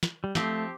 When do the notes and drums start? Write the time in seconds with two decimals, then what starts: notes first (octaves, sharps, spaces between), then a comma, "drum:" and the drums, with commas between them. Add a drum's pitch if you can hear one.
0.03 drum: snare
0.24 G3
0.35 F3 A3 C4 G4, drum: snare